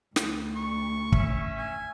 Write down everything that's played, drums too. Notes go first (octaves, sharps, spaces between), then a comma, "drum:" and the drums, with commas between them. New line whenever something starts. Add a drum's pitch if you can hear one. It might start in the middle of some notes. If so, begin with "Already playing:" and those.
D2, drum: snare
C#6
C#4 E5, drum: kick
G#5